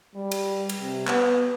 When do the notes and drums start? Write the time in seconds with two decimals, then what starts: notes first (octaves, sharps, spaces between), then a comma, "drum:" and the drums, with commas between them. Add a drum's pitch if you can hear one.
0.15 G3
0.31 drum: cymbal
0.69 drum: cymbal
0.79 C3
1.07 B3, drum: clap